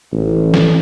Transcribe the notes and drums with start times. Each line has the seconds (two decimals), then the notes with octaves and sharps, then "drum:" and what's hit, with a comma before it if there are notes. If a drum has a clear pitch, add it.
0.12 A1
0.54 drum: snare